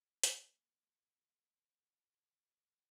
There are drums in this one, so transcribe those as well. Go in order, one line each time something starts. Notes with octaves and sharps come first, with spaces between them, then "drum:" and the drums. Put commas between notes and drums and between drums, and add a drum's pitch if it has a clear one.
A#3 F4, drum: hi-hat